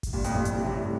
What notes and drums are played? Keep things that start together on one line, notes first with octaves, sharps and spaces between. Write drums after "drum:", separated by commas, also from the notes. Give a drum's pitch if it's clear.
drum: kick G#1, open hi-hat
G2 A#2
F2 A2, drum: hi-hat
G2 A#2
drum: hi-hat
A2 C3
A2 C3
G2
A2